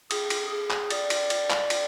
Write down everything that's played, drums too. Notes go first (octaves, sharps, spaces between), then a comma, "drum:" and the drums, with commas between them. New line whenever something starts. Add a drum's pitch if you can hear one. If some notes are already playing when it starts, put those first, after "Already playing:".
G#4, drum: cymbal
drum: cymbal
G#4
drum: clap
D5, drum: cymbal
drum: cymbal
drum: cymbal
drum: clap
drum: cymbal